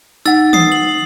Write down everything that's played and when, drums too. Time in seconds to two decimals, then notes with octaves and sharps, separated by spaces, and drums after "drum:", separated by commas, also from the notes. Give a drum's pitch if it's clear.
0.25 D#4 F#5 E6 A6
0.53 D#6 C7, drum: tom D#3
0.72 F#7